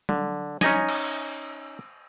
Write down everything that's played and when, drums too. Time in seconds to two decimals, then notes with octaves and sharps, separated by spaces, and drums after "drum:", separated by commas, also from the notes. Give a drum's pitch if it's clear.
0.09 D3, drum: tom F#3
0.61 C#4 D#4 D#5 G#5, drum: snare
0.89 drum: cymbal